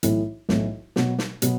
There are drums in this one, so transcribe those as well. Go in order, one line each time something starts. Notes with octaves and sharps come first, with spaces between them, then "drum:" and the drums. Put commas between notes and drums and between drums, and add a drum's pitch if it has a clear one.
B1 A2 E3, drum: hi-hat
B1 A2 E3, drum: snare
B2 F#3 B3 F#4, drum: snare
drum: snare
B2 F#3 B3 F#4, drum: hi-hat